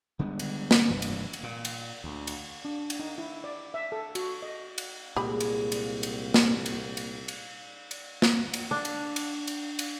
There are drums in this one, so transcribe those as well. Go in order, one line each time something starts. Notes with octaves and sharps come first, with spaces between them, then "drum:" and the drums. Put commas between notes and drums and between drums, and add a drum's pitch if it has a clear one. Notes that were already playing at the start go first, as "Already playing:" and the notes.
D3 G3 G#3 B3
drum: cymbal
drum: snare
F1 G2 E3 F3
drum: cymbal
drum: cymbal
A#2
drum: cymbal
D2
drum: cymbal
D4
drum: cymbal
D#4
E4
D5
E5
A4
F#4, drum: cymbal
D#5
drum: cymbal
C2 A#2 G#3 G4 G#4 B5
drum: cymbal
drum: cymbal
drum: cymbal
drum: snare
drum: cymbal
drum: cymbal
drum: cymbal
drum: cymbal
drum: snare
drum: cymbal
D4
drum: cymbal
drum: cymbal
drum: cymbal
drum: cymbal